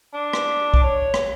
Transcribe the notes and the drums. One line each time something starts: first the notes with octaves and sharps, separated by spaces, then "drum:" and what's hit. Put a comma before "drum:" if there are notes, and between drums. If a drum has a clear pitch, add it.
D4
drum: rim click
drum: kick
C#5
drum: rim click